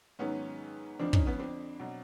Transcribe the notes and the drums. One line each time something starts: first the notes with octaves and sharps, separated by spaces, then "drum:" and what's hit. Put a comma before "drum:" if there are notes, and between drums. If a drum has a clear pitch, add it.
G#2 D#3 F#3 B3 C#4
F2 D3 F3 C4 D4
C#4 D#4, drum: kick
B3 C#4
C4 D4
B2 F#3